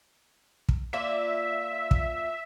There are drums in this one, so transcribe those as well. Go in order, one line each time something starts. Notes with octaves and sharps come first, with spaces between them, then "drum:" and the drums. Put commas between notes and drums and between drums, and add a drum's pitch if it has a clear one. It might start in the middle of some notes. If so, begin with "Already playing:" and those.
drum: kick
A#3 F4 D5 E5
drum: kick